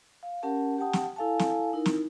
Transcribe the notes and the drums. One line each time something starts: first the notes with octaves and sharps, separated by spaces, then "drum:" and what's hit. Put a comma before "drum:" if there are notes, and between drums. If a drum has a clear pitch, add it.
F5
C#4 G4 A#4 F#5 A5
G4 F#5 G5 A5 D#6
drum: snare
E4 A4 F5 G#5 A5
drum: snare
D#4 E4 A#4
drum: snare